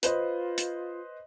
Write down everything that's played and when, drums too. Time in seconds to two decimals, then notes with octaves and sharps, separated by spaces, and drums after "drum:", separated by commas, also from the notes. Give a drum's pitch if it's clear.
0.03 F4 B4 C5 D#5, drum: hi-hat
0.58 drum: hi-hat